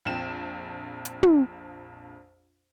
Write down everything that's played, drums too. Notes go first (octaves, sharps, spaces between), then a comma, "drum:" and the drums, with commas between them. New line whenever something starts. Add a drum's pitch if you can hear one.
A#1 F2 G5 E7
drum: hi-hat
drum: tom